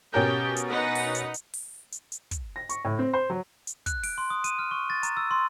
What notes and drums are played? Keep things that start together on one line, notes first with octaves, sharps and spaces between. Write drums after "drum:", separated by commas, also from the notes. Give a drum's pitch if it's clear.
B2 C#4 G4 A#4 G5
drum: hi-hat
D#4 B4 F#5
drum: open hi-hat
drum: hi-hat
drum: hi-hat
drum: open hi-hat
drum: hi-hat
drum: hi-hat
drum: kick, hi-hat
A#6
C#6, drum: hi-hat
A2
C4
C5
F#3
drum: hi-hat
F#6, drum: kick, hi-hat
D7, drum: open hi-hat
C6
D#6
D#7, drum: hi-hat
F6
C#6
A6
A#5, drum: hi-hat
E6
C6